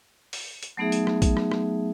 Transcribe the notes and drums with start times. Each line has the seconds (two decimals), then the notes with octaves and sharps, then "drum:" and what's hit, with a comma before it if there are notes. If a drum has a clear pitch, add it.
0.33 drum: open hi-hat
0.63 drum: hi-hat
0.77 F#3 A3 B3 D#4 G#4 E5
0.92 drum: hi-hat
1.07 drum: rim click
1.22 drum: kick, hi-hat
1.37 drum: rim click
1.52 drum: rim click